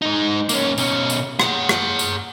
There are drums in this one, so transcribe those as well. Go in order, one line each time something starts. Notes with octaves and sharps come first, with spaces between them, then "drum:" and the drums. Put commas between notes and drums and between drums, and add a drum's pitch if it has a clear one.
G#3 D#4
A#3 C#4, drum: tambourine
B2 C#4, drum: tambourine
drum: tambourine
G#4 F#5, drum: rim click
drum: rim click
drum: tambourine